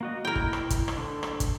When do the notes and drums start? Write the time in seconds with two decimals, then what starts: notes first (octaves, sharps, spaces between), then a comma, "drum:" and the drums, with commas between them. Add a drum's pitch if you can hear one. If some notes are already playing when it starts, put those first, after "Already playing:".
0.01 A#3 F#4 D#5
0.25 E4 A#4 G5
0.36 drum: kick
0.53 drum: rim click
0.70 drum: kick, hi-hat
0.88 drum: rim click
0.97 D3
1.23 drum: rim click
1.40 drum: kick, hi-hat